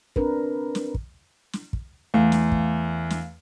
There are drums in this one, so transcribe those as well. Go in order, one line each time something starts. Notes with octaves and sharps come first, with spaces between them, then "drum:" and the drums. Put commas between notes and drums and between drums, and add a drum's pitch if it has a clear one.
C4 D4 A#4 B4, drum: kick
drum: snare
drum: kick
drum: snare
drum: kick
E2 A3 F5
drum: snare
drum: kick
drum: snare